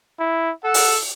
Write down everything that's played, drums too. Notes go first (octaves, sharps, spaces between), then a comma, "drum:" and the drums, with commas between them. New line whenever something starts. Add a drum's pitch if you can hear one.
E4
A4 F#5
drum: open hi-hat